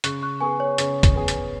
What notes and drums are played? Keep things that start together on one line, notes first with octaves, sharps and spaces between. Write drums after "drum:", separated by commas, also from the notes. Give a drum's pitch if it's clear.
C#3 C#6 F#6, drum: hi-hat
C#6 F#6
B3 G#4 G#5 C#6
C#5
C#3, drum: hi-hat
drum: kick F#1, hi-hat
B3 G#4
drum: hi-hat